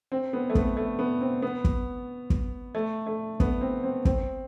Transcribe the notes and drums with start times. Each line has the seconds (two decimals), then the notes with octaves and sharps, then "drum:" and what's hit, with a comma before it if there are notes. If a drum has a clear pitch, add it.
0.12 C4
0.33 B3
0.50 A3
0.55 B3, drum: kick
0.77 A3
0.99 B3
1.21 C4
1.42 B3
1.64 drum: kick
2.30 drum: kick
2.75 A3
3.07 A3
3.40 B3, drum: kick
3.61 C4
3.84 C4
4.05 C4, drum: kick